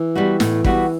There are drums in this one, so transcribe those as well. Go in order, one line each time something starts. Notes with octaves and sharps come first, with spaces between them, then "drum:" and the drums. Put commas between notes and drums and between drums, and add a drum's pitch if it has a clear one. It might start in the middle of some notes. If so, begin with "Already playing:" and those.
Already playing: E3
G3 B3 F#4
A2, drum: snare
G3 B3 F#4, drum: kick